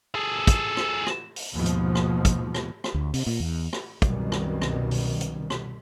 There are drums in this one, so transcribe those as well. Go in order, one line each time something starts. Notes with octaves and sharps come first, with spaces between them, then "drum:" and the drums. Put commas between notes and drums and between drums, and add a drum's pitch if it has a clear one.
G#4 A4
drum: kick, hi-hat
drum: rim click
drum: rim click
drum: open hi-hat
D#2 G#2 B2 F3
drum: hi-hat
drum: rim click
drum: kick, hi-hat
drum: rim click
drum: rim click
D2
C3, drum: open hi-hat
A#2
E2
drum: rim click
C2 F#2 B2 D#3 G3, drum: kick, hi-hat
drum: rim click
drum: rim click
drum: open hi-hat
drum: hi-hat
drum: rim click